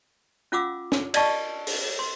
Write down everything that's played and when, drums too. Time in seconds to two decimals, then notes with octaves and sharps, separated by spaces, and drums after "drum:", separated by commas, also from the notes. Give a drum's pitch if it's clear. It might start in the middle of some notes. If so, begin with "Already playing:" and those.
0.52 C#4 F4 F5 F#5 D6 E6
0.92 drum: snare
1.14 D5 D#5 F5 A5 C#6, drum: cymbal
1.67 drum: open hi-hat
1.99 C6